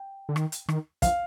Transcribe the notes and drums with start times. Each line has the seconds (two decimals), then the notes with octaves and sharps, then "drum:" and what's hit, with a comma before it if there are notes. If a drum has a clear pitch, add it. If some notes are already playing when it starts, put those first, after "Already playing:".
Already playing: G5
0.29 D3
0.36 D#3, drum: rim click
0.52 drum: hi-hat
0.69 D#3, drum: rim click
1.02 F3 F5, drum: kick, hi-hat